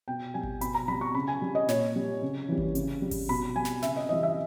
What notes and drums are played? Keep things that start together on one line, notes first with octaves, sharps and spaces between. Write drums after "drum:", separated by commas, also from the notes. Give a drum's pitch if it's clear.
B2 G5
G3 G#5
drum: kick G#1
B2 B5, drum: hi-hat
A#5
G3 B5
C#6
C#3 B5
G#5
G3
D#5
A#2 C#5, drum: snare
G3
C#3
E3 G3
drum: kick G#1
C#3, drum: hi-hat
G3
drum: kick G#1, open hi-hat
B2 B5
G3 G#5
drum: snare
C#3 E5, drum: snare
D#5
E3 G3 D#5
E5